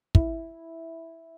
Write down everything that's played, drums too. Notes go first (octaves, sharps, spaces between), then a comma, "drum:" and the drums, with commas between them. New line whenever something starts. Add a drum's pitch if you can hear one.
E4, drum: kick